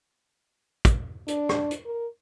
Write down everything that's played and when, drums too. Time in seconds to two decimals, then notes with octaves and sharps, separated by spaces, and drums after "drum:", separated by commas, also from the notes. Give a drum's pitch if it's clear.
0.85 drum: kick, hi-hat
1.28 D4, drum: hi-hat
1.49 drum: rim click
1.71 drum: hi-hat
1.86 A#4